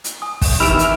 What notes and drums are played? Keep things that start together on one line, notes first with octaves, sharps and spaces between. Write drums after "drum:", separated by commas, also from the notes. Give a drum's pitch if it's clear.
drum: hi-hat
G#5 D#6
drum: kick, open hi-hat
D#3 E3 G4 B5 E6 F6 D7
drum: hi-hat